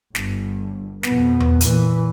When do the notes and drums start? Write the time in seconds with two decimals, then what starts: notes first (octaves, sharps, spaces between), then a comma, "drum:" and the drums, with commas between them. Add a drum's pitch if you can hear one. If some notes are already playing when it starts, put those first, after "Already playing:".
0.15 G1, drum: snare
1.03 F2 B2 B3, drum: snare
1.40 drum: tom E2
1.61 A#2 E3, drum: hi-hat